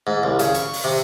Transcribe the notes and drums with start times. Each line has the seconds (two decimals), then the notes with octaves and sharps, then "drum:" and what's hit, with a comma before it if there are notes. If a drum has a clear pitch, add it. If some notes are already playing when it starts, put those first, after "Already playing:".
0.07 G#2
0.23 C2
0.39 C#3, drum: hi-hat
0.54 C#6, drum: hi-hat
0.73 drum: open hi-hat
0.84 C3